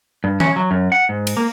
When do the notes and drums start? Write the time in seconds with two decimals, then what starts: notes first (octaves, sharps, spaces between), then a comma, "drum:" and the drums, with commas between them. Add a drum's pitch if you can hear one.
0.24 G2
0.40 C#4, drum: tom E3
0.56 F#3
0.71 F#2
0.92 F#5
1.09 G#2
1.27 drum: cymbal
1.37 A#3